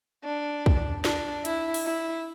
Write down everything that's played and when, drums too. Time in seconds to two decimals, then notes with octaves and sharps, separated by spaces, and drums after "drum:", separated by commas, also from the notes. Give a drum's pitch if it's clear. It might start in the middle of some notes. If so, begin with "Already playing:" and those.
0.24 D4
0.66 drum: kick
1.05 D4, drum: snare
1.45 E4, drum: hi-hat
1.74 drum: open hi-hat
1.85 E4